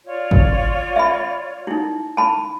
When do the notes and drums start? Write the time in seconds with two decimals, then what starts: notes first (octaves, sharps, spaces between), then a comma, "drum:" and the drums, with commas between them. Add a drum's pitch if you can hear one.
0.06 F4 C#5 D5
0.31 drum: kick
0.96 E5 B5
1.67 D#4 E4
2.17 A5 B5